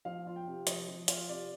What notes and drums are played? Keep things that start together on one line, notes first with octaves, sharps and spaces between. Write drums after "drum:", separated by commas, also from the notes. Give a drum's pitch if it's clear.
F3 F5
F4
G5
C3
F3 D#5, drum: hi-hat
F3
F4, drum: hi-hat
C3 D5